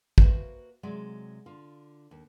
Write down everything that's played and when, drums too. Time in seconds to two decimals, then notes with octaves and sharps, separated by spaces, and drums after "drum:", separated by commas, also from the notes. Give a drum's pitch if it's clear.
0.18 A#3 F#4 B4 C5 E5, drum: kick
0.83 C3 F#3 G#3 D5 E5
1.46 D3 F4
2.11 D#2